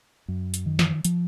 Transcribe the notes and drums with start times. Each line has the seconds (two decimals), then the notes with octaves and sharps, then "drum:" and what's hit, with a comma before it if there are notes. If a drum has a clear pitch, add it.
0.28 F#2
0.54 drum: hi-hat
0.66 D#3
0.79 drum: snare
1.05 F3, drum: hi-hat